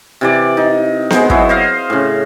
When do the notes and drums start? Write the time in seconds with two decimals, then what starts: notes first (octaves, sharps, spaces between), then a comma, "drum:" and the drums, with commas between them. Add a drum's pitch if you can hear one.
0.21 C3 E3 D5
0.57 D#4
1.10 G#3 B3 C5, drum: snare B3
1.30 F#3 E4, drum: kick
1.49 C5 D#5 F5
1.90 A2 C#3